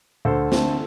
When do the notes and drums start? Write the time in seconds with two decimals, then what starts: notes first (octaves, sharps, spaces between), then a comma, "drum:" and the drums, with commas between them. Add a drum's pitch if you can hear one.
0.25 D2 A4 C5
0.52 D3 A3 C4, drum: snare